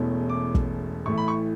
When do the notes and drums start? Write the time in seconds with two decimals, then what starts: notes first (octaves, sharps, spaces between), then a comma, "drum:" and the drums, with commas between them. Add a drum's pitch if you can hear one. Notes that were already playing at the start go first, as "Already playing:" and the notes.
Already playing: E1 E2 B2 A3 C#4
0.29 D6
0.55 drum: kick
1.06 A1 A2 E3 A3 C#6
1.18 B5
1.28 C#6